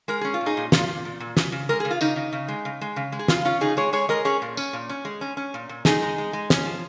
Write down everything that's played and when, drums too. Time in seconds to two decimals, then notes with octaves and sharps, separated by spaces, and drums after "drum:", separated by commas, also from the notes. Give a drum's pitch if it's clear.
0.08 G#3 A#4
0.21 C#4 G#4
0.34 F4
0.41 A#2
0.46 D#4 G#4
0.57 A#2
0.72 A#2 F4, drum: snare
0.88 A#2
1.05 A#2
1.20 A#2
1.37 C#3, drum: snare
1.52 C#3
1.69 G#3 A#4
1.80 C#3 G#4
1.90 F4
2.01 C#3 D#4, drum: tambourine
2.16 C#3
2.32 C#3
2.48 G#3
2.65 C#3
2.81 G#3
2.96 C#3
3.12 G#3
3.19 G#4
3.28 C#3 F4, drum: snare
3.45 C#4 F4
3.61 C#3 D#4 G#4
3.77 G#3 G#4 C#5
3.93 G#3 G#4 C#5
4.09 G#3 A#4 D#5
4.25 C#4 G#4 C#5
4.42 A#2
4.57 C#4, drum: tambourine
4.73 A#2
4.89 C#4
5.05 G#3
5.21 C#4
5.37 C#4
5.54 A#2
5.69 A#2
5.85 A#2 D#4 G#4, drum: snare
6.02 G#3
6.18 G#3
6.33 G#3
6.50 C#4, drum: snare
6.65 F3